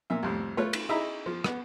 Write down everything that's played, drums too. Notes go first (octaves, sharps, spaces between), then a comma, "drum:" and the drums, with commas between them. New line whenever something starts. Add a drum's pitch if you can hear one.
A#2 A#3 E5
C2 F2 A2
A3 F4 B4 C#5
drum: cymbal
D#4 E4 G#4 E5 A#5 B5
F3
B3, drum: rim click